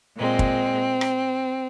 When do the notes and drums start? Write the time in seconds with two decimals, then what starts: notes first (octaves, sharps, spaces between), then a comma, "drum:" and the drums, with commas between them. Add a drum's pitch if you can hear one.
0.18 A#2 G#3 C4
0.39 drum: kick
1.01 drum: rim click